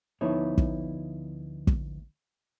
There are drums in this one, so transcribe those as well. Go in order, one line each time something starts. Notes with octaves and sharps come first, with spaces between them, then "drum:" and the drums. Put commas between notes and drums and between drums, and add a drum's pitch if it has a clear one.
D2 F3 B3 D#4 E4 C#5
drum: kick
drum: kick